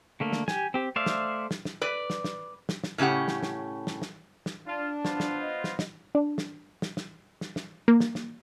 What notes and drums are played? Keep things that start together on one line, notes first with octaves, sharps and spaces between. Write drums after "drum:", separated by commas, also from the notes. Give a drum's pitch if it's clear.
D3 A3 A#3
drum: snare
G4 G#5, drum: snare
C4 G4
A3 C5 D5 E5 F5
drum: snare
drum: snare
drum: snare
B4 D5
drum: snare
drum: snare
drum: snare
drum: snare
A2 C#3 C#4 G4 F#5
drum: snare
drum: snare
drum: snare
drum: snare
drum: snare
D4 F4 D5 A5
B3 F4 C5, drum: snare
drum: snare
D#5
drum: snare
drum: snare
D4
drum: snare
drum: snare
drum: snare
drum: snare
drum: snare
A#3
drum: snare
drum: snare